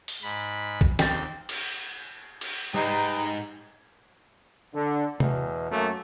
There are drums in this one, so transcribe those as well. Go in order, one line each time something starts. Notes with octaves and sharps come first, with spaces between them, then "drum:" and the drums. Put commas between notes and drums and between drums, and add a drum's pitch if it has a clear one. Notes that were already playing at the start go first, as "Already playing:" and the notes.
drum: open hi-hat
G#2 B5
drum: kick B1
D#2 C4 G5 A6, drum: snare
drum: cymbal
drum: cymbal
G#2 G3 G#3 D#4 B4 G5 A#5
D3
E2 B2, drum: tom C3
F#2 F#3 A3 A#3